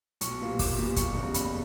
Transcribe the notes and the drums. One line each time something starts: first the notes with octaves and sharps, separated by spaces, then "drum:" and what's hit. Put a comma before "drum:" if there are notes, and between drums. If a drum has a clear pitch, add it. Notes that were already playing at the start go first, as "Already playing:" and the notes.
B1 C#6, drum: hi-hat
A#2 G3 A#3
B1 D6, drum: kick, open hi-hat
A#2 G3 A#3
F#1 C#6, drum: kick, hi-hat
E2 C#3 G3
F#1 B5, drum: hi-hat